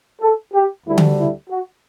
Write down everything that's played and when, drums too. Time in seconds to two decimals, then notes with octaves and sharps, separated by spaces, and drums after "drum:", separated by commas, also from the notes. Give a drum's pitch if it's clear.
0.21 A4
0.53 G4
0.85 D2 D3 G3 E4
0.98 drum: tom D3
1.17 E4
1.49 F#4